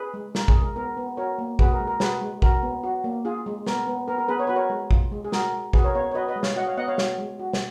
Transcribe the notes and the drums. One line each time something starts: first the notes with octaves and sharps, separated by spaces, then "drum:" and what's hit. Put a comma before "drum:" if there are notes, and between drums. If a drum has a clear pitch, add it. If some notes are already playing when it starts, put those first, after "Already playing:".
Already playing: G#4 B4
G#3
F4 A#4, drum: snare
G#4, drum: kick
G#3
A#4
B3 A#4
B3
F#4 A#4 C#5
A#3
F#4 G#4 B4, drum: kick
A#4
G#3
A#4
F#4 G#4 B4, drum: snare
G#3
F#4 A#4, drum: kick
B3
F#4
A#3
F4 G#4
G#3
B3 A#4, drum: snare
B3
B3 A#4
A#4
B3 G#4 B4
C#5
F#4 B4
A#4 C#5
G#3
F4, drum: kick
G#3
G#4
F#4 A#4, drum: snare
G#3
F#4 G#4 B4, drum: kick
A#4 C#5
B3 C#5 F5
C#5
F#4 B4 D#5
B4 D#5
G#3
C#5 F5, drum: snare
F#4 D#5 F#5
C#5 F5
B3 D#5 F#5
C#5 F5
F#4 C#5 F5, drum: snare
G#3
F#4
drum: snare